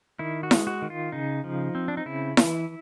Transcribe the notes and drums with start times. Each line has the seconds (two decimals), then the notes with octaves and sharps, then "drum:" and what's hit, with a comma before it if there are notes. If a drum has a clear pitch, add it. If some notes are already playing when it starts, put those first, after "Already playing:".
0.19 D#3 E4
0.43 F#4
0.51 G#3, drum: snare E4
0.67 F#4
0.82 D#3
0.90 F4
1.12 C#3 D#4
1.44 F3
1.75 C4
1.88 D4
1.97 D#4
2.06 C#3 E4
2.37 E3, drum: snare E4